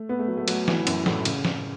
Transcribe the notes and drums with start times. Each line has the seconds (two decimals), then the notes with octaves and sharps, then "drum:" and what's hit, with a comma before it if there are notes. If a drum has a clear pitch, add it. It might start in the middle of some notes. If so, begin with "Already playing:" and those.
Already playing: A3
0.09 B3
0.19 A3
0.28 F#3
0.37 A3
0.48 F#3, drum: cymbal
0.68 E3, drum: snare
0.87 F#2, drum: cymbal
1.06 A2, drum: snare
1.25 C#3, drum: cymbal
1.45 drum: snare